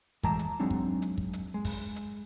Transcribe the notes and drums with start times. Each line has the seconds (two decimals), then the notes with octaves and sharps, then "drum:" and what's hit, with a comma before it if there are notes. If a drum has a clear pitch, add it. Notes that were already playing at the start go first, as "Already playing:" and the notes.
0.23 A2 E3 G#3 G5 A5 A#5, drum: kick
0.39 drum: hi-hat
0.60 F#3 G#3 C4 D4 D#4
0.71 drum: kick
1.02 drum: hi-hat
1.18 drum: kick
1.33 drum: hi-hat
1.54 G#3
1.65 drum: kick, open hi-hat
1.96 drum: hi-hat